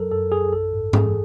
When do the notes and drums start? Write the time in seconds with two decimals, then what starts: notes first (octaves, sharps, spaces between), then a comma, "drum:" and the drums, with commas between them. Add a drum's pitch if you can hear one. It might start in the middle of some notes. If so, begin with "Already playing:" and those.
Already playing: F#2 F#3 A4 A#4
0.11 F#2 A4
0.32 F#2 G#4
0.53 A#1 A4
0.73 G#2
0.93 E3 G#4, drum: tom G#2